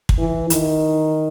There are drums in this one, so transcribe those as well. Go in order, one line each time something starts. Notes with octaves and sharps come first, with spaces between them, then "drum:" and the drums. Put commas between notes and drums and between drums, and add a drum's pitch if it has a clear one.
drum: kick
E3
D#3, drum: hi-hat